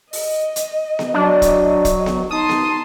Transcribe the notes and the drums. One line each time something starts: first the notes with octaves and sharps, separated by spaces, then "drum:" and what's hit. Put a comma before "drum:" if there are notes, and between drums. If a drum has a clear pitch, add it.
D#5, drum: open hi-hat
drum: hi-hat
drum: snare B3
F#3 D4
drum: kick, hi-hat
drum: kick, hi-hat
drum: snare B3
D#4 A5 C6 D#6
drum: snare B3